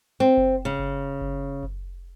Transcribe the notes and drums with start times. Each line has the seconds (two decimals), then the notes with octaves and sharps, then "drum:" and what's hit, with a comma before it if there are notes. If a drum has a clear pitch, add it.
0.20 C4
0.37 drum: kick F#1
0.65 C#3
0.79 drum: kick F#1
1.21 drum: kick F#1
1.63 drum: kick F#1